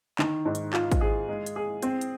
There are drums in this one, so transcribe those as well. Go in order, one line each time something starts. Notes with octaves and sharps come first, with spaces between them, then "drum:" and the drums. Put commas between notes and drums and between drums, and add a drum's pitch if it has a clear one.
D#3, drum: clap
G#2
drum: hi-hat
F4, drum: clap
drum: kick, hi-hat
G#4
G#3
drum: hi-hat
G#4
C4, drum: hi-hat
drum: hi-hat